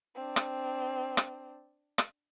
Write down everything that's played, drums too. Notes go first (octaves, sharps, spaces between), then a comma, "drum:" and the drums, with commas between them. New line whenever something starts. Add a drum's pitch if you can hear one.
C4 D4
drum: rim click
drum: rim click
drum: rim click